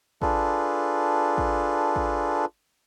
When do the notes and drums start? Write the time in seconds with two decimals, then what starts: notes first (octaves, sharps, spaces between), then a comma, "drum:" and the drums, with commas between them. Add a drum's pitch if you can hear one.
0.22 D4 F4 G#4 A4 B4, drum: kick
1.38 drum: kick
1.96 drum: kick